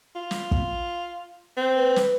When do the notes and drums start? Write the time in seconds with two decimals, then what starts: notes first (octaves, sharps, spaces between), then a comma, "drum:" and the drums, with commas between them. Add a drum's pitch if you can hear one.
0.16 F4
0.31 drum: snare
0.51 drum: kick
1.57 C4
1.76 B4
1.96 drum: snare